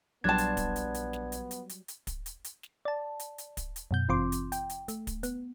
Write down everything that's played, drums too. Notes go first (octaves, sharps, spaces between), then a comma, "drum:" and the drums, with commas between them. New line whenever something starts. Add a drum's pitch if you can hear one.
A#1 F#3 G3 B3 D4 A5 C6 G#6
drum: hi-hat
drum: kick, hi-hat
drum: hi-hat
drum: hi-hat
drum: snare
drum: hi-hat
drum: hi-hat
drum: hi-hat
drum: hi-hat
drum: kick, hi-hat
drum: hi-hat
drum: hi-hat
drum: snare
D5 A5
drum: hi-hat
drum: hi-hat
drum: kick, hi-hat
drum: hi-hat
F#2 B2 G6
G1 E3 C4 F4 C6 D6
drum: hi-hat
G5, drum: hi-hat
drum: hi-hat
A3, drum: hi-hat
drum: kick, hi-hat
B3, drum: hi-hat